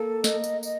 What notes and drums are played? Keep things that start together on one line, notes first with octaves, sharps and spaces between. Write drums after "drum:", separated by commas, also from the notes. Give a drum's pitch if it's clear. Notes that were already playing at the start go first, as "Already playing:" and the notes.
Already playing: A#3 A4
D#5, drum: snare
drum: tambourine
D#5, drum: tambourine